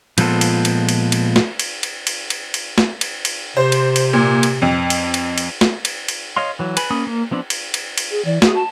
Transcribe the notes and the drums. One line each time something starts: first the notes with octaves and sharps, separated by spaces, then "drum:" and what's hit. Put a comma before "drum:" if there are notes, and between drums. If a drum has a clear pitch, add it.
A#2 F3 G#3 B3 F4 A4, drum: cymbal
drum: cymbal
drum: cymbal
drum: cymbal
drum: cymbal
drum: snare
drum: cymbal
drum: cymbal
drum: cymbal
drum: cymbal
drum: cymbal
drum: snare
drum: cymbal
drum: cymbal
C3 C5
drum: cymbal
drum: cymbal
A#2
drum: cymbal
F2
drum: cymbal
drum: cymbal
drum: cymbal
drum: snare
drum: cymbal
drum: cymbal
C#5 D#5 F5 C6
E3 F#3
B4 G#5 B5, drum: cymbal
A#3 C#4 G#5 B5 D#6
A#3
F3 B3 C4 D4
drum: cymbal
drum: cymbal
drum: cymbal
G#4
E3 D5
F#4 G#4, drum: snare
A5